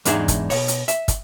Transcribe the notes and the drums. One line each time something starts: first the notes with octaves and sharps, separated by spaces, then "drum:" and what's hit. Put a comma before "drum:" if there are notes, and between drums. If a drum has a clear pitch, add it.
E2 G#2 D4 D#4 G#4 E5, drum: hi-hat
drum: kick, hi-hat
B2 C#5, drum: open hi-hat
drum: hi-hat
E5, drum: hi-hat
drum: kick, hi-hat